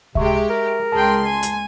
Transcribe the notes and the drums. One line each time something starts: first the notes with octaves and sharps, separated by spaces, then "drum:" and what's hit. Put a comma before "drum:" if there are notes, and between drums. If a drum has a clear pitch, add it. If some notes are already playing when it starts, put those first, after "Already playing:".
C3 G#3 G4 E5 C#6, drum: kick C#2
A#4
C#2 G#4 G5 A5 C6
G#5
drum: hi-hat